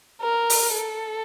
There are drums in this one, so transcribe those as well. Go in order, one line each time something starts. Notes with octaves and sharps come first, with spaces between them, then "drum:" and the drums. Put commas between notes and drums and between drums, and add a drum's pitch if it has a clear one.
A#4
drum: open hi-hat
A4